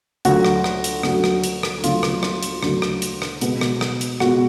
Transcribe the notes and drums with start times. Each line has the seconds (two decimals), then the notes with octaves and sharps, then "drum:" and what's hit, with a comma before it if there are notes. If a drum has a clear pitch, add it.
0.25 D2 D3 F#3 F#4, drum: hi-hat
0.45 drum: rim click
0.64 drum: rim click
0.84 drum: hi-hat
1.03 D2 D3 F#3, drum: rim click
1.24 drum: rim click
1.44 drum: hi-hat
1.63 drum: rim click
1.84 D2 D3 F#3 F4, drum: hi-hat
2.03 drum: rim click
2.23 drum: rim click
2.43 drum: hi-hat
2.63 D2 D3 F#3, drum: rim click
2.82 drum: rim click
3.02 drum: hi-hat
3.22 drum: rim click
3.41 B2 G#3 B3, drum: hi-hat
3.61 drum: rim click
3.81 drum: rim click
4.01 drum: hi-hat
4.20 B2 G#3 B3 F#4, drum: rim click